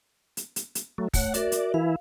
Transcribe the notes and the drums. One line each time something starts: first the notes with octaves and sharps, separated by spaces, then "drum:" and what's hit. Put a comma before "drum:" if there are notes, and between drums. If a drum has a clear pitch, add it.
drum: hi-hat
drum: hi-hat
drum: hi-hat
F#3 A3
A3 C#5 F#5, drum: kick, open hi-hat
F#4 A#4 D5 E5, drum: hi-hat
drum: hi-hat
E3 E4 F5